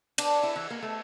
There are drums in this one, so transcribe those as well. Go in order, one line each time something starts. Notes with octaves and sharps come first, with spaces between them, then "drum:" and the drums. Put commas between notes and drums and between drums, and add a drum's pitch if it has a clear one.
D4, drum: cymbal
E4
E3
A#3
A3